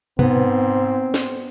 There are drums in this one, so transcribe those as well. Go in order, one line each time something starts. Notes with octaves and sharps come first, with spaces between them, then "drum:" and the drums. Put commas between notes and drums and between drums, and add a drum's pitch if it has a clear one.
G#2 B3 C4, drum: tom B2
drum: snare